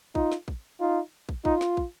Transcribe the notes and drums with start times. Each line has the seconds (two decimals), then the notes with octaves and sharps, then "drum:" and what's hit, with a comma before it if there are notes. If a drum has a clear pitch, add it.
0.15 D#4 F4, drum: kick
0.32 drum: snare
0.48 drum: kick
0.80 D#4 F4
1.29 drum: kick
1.45 D#4 F4, drum: kick
1.61 drum: snare
1.77 drum: kick